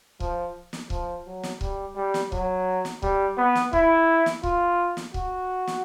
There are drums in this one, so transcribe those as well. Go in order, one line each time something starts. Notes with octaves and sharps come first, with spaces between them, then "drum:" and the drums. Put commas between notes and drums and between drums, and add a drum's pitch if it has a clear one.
F3, drum: kick C#1
drum: snare
F3, drum: kick C#1
F#3
drum: snare
G3, drum: kick C#1
G3
drum: snare
F#3, drum: kick C#1
drum: snare
G3, drum: kick C#1
B3
drum: snare
E4, drum: kick C#1
drum: snare
F4, drum: kick C#1
drum: snare
F#4, drum: kick C#1
drum: snare